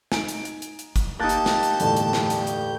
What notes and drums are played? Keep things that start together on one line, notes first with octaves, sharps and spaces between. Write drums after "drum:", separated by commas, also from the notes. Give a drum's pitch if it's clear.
D#4 G#5 D7, drum: snare
drum: hi-hat
drum: hi-hat
drum: hi-hat
drum: hi-hat
drum: kick G1, hi-hat
A#3 D#4 G4 A5 F#6 G6 A6
drum: hi-hat
drum: snare
drum: hi-hat
G1 E2 A2, drum: hi-hat
drum: hi-hat
drum: snare
drum: hi-hat
drum: hi-hat